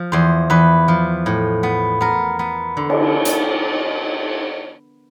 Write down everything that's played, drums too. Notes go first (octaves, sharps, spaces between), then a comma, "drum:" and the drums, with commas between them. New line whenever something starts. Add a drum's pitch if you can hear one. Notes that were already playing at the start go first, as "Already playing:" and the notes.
Already playing: F3
E2 C5
E2 B4
F3
A2
B3
B3 A#4
B3
D3
drum: cymbal
drum: hi-hat